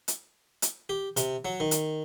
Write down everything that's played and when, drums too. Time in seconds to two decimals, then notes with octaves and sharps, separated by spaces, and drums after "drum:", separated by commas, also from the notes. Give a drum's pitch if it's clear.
0.08 drum: hi-hat
0.62 drum: hi-hat
0.89 G4
1.17 C3, drum: hi-hat
1.45 F#3
1.60 D#3
1.71 drum: hi-hat